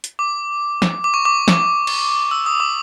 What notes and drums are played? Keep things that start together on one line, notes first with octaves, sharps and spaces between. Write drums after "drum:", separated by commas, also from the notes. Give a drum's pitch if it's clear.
drum: hi-hat
D6
drum: snare
D6
C#6
D6
drum: snare
drum: cymbal
E6
D#6
D6